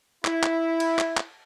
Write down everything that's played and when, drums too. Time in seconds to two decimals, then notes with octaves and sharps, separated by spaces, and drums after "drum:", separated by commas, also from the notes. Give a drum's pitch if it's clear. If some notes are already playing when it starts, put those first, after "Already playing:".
0.25 E4, drum: clap
0.43 drum: clap
0.80 drum: cymbal
0.99 drum: clap
1.17 drum: clap